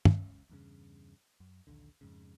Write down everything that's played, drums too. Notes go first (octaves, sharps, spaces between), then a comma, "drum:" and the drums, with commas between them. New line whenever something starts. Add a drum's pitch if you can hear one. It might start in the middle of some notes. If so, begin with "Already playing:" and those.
F#1 C#2 C#4, drum: tom
E2 G2 C#3
F#2
A#1 D#2 D3
F2 G#2 C#3